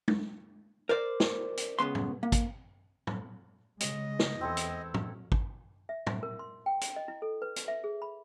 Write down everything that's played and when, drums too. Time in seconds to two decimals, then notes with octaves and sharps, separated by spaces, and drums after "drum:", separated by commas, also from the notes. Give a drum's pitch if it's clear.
0.08 drum: tom
0.89 A#4 C5 D5
1.20 drum: snare
1.57 drum: hi-hat
1.79 C#2 C#3 B3 C6
1.95 drum: tom
2.23 A#3
2.32 drum: kick, hi-hat
3.07 drum: tom
3.80 C#3 G#3 D#5, drum: hi-hat
4.19 drum: snare
4.41 E2 C4 E4 A4
4.57 drum: hi-hat
4.94 drum: tom
5.32 drum: kick
5.89 E5
6.07 E4, drum: tom
6.23 A#4
6.39 C6
6.66 G5
6.81 drum: hi-hat
6.96 D#5
7.08 E4
7.22 A4
7.42 B4
7.56 drum: hi-hat
7.68 E5
7.84 G#4
8.02 B5